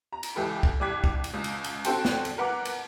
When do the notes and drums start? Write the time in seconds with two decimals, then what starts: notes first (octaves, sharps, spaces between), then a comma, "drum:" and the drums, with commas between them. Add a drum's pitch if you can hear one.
0.13 A#5
0.23 drum: cymbal
0.35 C#2 E3 G4 A4 B5
0.63 drum: kick
0.80 C2 G4 D6 F#6 G#6 B6
1.04 drum: kick
1.24 drum: cymbal
1.34 C#2
1.44 drum: cymbal
1.64 drum: cymbal
1.84 C4 F#4 A4 C5 G5 A5, drum: cymbal
2.05 drum: snare
2.25 drum: cymbal
2.38 A#4 B4 F#5 A#5 D6
2.65 drum: cymbal